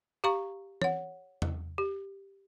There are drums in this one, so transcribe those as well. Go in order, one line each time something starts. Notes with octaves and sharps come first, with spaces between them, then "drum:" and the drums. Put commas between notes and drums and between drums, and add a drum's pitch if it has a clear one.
G4 F5 A#5 C#6
C#5 F#5, drum: tom E3
drum: tom E2
G4